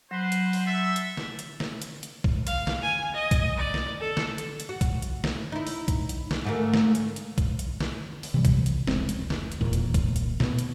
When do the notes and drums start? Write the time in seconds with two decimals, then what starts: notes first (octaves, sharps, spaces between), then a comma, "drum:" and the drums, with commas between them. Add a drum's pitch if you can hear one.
0.11 F#3 B4 C5
0.32 drum: hi-hat
0.53 drum: open hi-hat
0.66 A4 E5
0.96 drum: hi-hat
1.17 drum: snare
1.39 drum: hi-hat
1.60 drum: snare
1.82 drum: hi-hat
2.03 drum: hi-hat
2.24 drum: kick B1
2.47 F5, drum: hi-hat
2.67 drum: snare
2.82 G#5
3.14 D#5
3.31 drum: kick B1, hi-hat
3.57 D5
3.74 drum: snare
4.01 A4
4.17 drum: snare
4.38 drum: hi-hat
4.60 drum: hi-hat
4.69 F#4
4.81 drum: kick B1, hi-hat
5.02 drum: hi-hat
5.24 drum: snare
5.52 D#4 E4
5.67 drum: open hi-hat
5.88 drum: kick B1, hi-hat
6.09 drum: hi-hat
6.31 drum: snare
6.44 G#2 A3 A#3
6.74 drum: snare
6.95 drum: hi-hat
7.16 drum: hi-hat
7.38 drum: kick B1, hi-hat
7.59 drum: hi-hat
7.80 drum: snare
8.23 drum: open hi-hat
8.34 C3 E3 G3
8.45 drum: kick B1, hi-hat
8.66 drum: hi-hat
8.87 F1 C#2 G#3 C4, drum: snare
9.09 drum: hi-hat
9.30 drum: snare
9.52 drum: hi-hat
9.61 D#1 E2 A#2
9.73 drum: hi-hat
9.94 drum: kick B1, hi-hat
10.16 drum: hi-hat
10.40 B2, drum: snare
10.59 drum: hi-hat